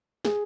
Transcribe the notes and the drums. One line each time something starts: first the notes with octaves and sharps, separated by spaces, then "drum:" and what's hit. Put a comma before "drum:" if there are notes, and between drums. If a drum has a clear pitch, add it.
G#4, drum: snare